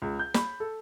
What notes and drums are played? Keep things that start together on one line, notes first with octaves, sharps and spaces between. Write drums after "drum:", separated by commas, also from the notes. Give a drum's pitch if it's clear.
C#2
G6
B5, drum: snare
A4